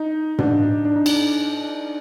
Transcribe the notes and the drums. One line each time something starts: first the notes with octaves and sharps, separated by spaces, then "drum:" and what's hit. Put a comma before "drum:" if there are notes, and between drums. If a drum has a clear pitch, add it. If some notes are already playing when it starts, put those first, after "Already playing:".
Already playing: D#4
D4, drum: tom
D4
D#4
D4, drum: cymbal